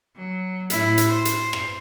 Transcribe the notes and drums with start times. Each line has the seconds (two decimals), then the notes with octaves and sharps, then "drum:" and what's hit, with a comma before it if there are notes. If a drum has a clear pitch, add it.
0.16 F#3
0.70 A2 E4, drum: hi-hat
0.98 drum: hi-hat
1.08 C5
1.25 drum: hi-hat
1.53 drum: rim click